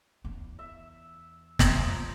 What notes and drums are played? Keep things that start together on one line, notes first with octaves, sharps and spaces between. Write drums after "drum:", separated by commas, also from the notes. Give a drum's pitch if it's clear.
E2
E5
F3 A#5 D#6, drum: snare